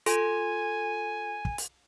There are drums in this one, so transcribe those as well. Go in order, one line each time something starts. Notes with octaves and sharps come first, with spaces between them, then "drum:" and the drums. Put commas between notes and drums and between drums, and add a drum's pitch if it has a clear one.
F4 A4 G#5 C6, drum: hi-hat
drum: kick
drum: hi-hat